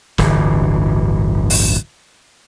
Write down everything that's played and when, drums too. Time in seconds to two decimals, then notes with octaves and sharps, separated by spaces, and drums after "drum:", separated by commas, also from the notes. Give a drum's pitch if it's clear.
0.18 D1 G1 E3, drum: snare
1.50 drum: open hi-hat